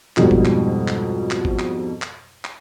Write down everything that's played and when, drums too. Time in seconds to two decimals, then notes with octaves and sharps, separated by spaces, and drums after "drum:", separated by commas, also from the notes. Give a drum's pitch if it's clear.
0.17 F2 G#2 B2 G3, drum: clap
0.31 drum: kick
0.45 drum: clap
0.88 drum: clap
1.31 drum: clap
1.45 drum: kick
1.59 drum: clap
2.02 drum: clap
2.45 drum: clap